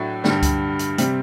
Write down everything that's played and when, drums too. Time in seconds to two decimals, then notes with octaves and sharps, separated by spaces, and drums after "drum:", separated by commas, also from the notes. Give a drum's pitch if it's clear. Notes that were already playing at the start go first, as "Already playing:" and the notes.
Already playing: A2 F#3 A3 D4 F#4
0.24 G2 D3 G3, drum: snare
0.42 drum: kick C#2, hi-hat
0.79 drum: hi-hat
0.98 C3 G3 C4, drum: hi-hat